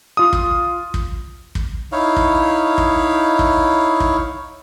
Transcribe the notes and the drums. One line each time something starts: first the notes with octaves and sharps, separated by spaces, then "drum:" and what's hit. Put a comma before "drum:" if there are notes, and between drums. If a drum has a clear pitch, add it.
F4 D#6
drum: kick
drum: kick
drum: kick
D#4 E4 C#5 F5
drum: kick
drum: kick
drum: kick
drum: kick